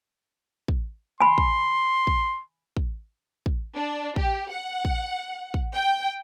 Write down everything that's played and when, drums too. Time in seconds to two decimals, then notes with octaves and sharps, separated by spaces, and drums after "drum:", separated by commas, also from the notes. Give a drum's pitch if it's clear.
0.68 drum: kick
1.20 G#5 B5 C6
1.38 drum: kick
2.07 drum: kick
2.77 drum: kick
3.46 drum: kick
3.75 D4
4.16 G4, drum: kick
4.50 F#5
4.85 drum: kick
5.54 drum: kick
5.73 G5